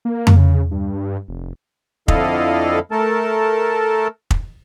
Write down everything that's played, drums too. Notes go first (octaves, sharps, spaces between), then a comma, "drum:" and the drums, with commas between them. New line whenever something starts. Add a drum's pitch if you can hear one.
A#3
drum: tom F2
C#3
G2
F1
F2 D3 E4 A4 D#5 F5, drum: kick
A3 A4 A#4 A5
drum: kick